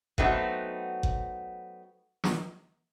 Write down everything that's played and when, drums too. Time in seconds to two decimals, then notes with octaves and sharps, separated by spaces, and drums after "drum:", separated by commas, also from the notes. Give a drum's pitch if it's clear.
0.18 F#3 A3 B3 C4 D#4 F#4, drum: kick F#1
1.03 drum: kick F#1
2.24 drum: snare